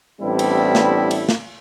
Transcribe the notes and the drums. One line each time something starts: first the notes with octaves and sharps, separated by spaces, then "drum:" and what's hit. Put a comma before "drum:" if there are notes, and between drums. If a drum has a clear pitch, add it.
A1 G3 B3 C4 D4 E4
drum: cymbal
drum: snare
drum: cymbal
drum: snare